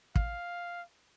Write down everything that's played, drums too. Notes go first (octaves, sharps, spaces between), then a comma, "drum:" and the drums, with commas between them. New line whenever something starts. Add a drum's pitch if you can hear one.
F5, drum: kick